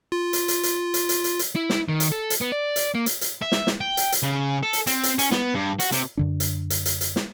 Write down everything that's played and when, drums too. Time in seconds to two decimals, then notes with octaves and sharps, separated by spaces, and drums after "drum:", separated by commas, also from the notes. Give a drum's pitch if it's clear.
0.12 F4
0.33 drum: hi-hat
0.48 drum: hi-hat
0.63 drum: hi-hat
0.94 drum: hi-hat
1.09 drum: hi-hat
1.24 drum: hi-hat
1.39 drum: hi-hat
1.56 E4
1.70 drum: snare
1.89 D#3
2.00 drum: hi-hat
2.12 A4
2.30 drum: hi-hat
2.41 B3
2.52 D5
2.76 drum: hi-hat
2.95 A#3
3.06 drum: hi-hat
3.21 drum: hi-hat
3.42 E5
3.52 drum: snare
3.67 drum: snare
3.81 G5
3.97 drum: hi-hat
4.12 drum: hi-hat
4.23 C#3
4.63 A4
4.73 drum: hi-hat
4.87 C4, drum: hi-hat
5.03 drum: hi-hat
5.19 C#4, drum: hi-hat
5.32 B3, drum: snare
5.55 G2
5.80 F#4, drum: hi-hat
5.92 C3, drum: hi-hat
6.17 F#2 D3 D4
6.40 drum: hi-hat
6.70 drum: hi-hat
6.85 drum: hi-hat
7.01 drum: hi-hat
7.16 drum: snare